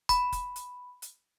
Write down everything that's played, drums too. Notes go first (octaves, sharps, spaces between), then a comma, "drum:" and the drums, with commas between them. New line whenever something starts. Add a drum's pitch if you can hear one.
B5, drum: kick, hi-hat
drum: kick, hi-hat
drum: hi-hat
drum: hi-hat